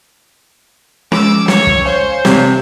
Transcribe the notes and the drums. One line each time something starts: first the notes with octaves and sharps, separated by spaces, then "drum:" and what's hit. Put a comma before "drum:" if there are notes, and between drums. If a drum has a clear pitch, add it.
F3 G#3 C#4 D6 E6, drum: rim click
C#5, drum: snare
drum: kick
C5 C#5 F5 G#5
C3, drum: snare